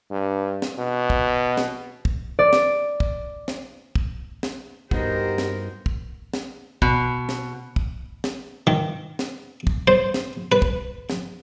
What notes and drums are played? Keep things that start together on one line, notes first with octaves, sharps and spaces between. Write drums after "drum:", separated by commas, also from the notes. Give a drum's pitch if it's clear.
G2
drum: snare
B2
drum: kick
drum: snare
drum: kick
D5
drum: snare
drum: kick
drum: snare
drum: kick
drum: snare
G2 B3 D#4 F#4 G4 A#4 C5 D#5, drum: kick
drum: snare
drum: kick
drum: snare
B2, drum: kick
drum: snare
drum: kick
drum: snare
D#3
drum: snare
drum: kick
C5
drum: snare
B4
drum: kick
drum: snare